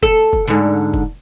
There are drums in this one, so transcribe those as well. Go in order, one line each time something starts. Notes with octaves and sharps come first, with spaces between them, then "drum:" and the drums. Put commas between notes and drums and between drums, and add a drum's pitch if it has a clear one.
A4, drum: kick
drum: kick
G#2 D3
drum: kick